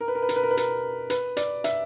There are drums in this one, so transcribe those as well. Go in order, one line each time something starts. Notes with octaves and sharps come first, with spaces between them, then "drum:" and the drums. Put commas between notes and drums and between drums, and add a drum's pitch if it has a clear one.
A#4
B4
A#4
B4
A#4, drum: hi-hat
B4
A#4
B4
A#4, drum: hi-hat
B4, drum: hi-hat
D5, drum: hi-hat
E5, drum: hi-hat